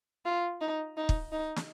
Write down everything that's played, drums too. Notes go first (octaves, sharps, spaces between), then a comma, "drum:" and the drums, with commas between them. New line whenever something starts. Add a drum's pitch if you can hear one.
F4
D#4
D#4
drum: kick
D#4
drum: snare